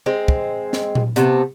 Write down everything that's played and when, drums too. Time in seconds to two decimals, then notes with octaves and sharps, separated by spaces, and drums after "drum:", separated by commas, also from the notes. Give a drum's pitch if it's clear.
0.06 G#3 C4
0.28 drum: kick
0.73 drum: snare
0.95 drum: tom A#2
1.16 C3 A3 B3, drum: hi-hat